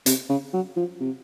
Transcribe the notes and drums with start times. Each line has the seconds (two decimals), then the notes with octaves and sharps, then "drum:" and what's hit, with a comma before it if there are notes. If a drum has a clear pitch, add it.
0.06 C3, drum: hi-hat
0.29 C#3
0.53 F#3
0.76 F3
1.00 C3